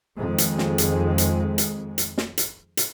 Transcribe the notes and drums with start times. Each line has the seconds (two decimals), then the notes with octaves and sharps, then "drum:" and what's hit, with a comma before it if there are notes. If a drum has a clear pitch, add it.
0.18 F2 D#3 G#3
0.38 drum: hi-hat
0.58 drum: snare
0.78 drum: hi-hat
1.18 drum: hi-hat
1.58 drum: hi-hat
1.98 drum: hi-hat
2.18 drum: snare
2.38 drum: hi-hat
2.77 drum: hi-hat